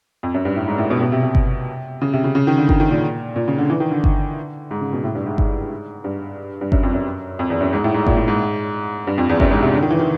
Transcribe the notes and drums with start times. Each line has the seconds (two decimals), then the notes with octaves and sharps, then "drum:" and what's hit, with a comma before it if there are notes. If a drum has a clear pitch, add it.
0.23 F2
0.34 F#2
0.45 G2
0.56 A2
0.68 G#2
0.78 A2
0.91 B2
1.01 B2
1.12 C3
1.23 C3
1.35 drum: kick G1
2.01 C#3
2.13 C3
2.24 C#3
2.35 C#3
2.47 D#3
2.58 D3
2.69 D#3, drum: kick G1
2.80 D#3
2.91 A#2
3.36 A#2
3.48 C#3
3.58 D3
3.70 E3
3.80 D#3
3.91 D3
4.04 D3, drum: kick G1
4.71 G#2
4.81 C#3
4.93 B2
5.04 A2
5.15 G2
5.26 G#2
5.38 G#2, drum: kick G1
6.04 G2
6.61 G2
6.72 F#2, drum: kick G1
6.83 F2
6.94 F#2
7.39 F2
7.50 E2
7.61 F#2
7.73 G#2
7.84 A2
7.94 G#2
8.07 A#2, drum: kick G1
8.17 A2
8.28 G#2
9.07 G2
9.18 F2
9.29 E2
9.40 F#2, drum: kick G1
9.51 G#2
9.62 C3
9.74 D3
9.82 D#3
9.91 E3
9.99 D#3